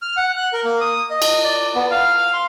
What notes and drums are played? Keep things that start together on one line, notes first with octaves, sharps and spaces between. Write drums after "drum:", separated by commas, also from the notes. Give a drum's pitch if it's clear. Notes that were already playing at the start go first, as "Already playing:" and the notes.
F6
F#5
F#6
A#4
A#3
D#6
D#5
drum: cymbal
D5
B3
F5
C6